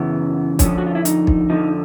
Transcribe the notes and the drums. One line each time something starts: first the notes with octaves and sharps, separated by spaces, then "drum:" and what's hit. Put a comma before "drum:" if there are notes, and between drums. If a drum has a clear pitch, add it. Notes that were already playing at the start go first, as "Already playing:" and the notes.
Already playing: F#2 C#3 E3 B3
F2 D3 F3 C#4, drum: kick, hi-hat
F#4
F4
E4
D#4, drum: hi-hat
drum: kick
F2 D3 F3 D#4